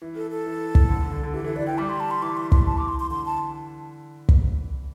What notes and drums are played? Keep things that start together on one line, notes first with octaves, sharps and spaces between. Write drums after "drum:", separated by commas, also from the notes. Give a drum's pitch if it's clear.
E3
A4
A4
E3
drum: kick
D3
D3
D3
D3
E3 G4
E3 A4
E3 D5
E3 G5
G3 D6
C6
A5
C6
E3 D6
C6
C6, drum: kick
A5
D6
C6
C6
D3 C6
A5
drum: kick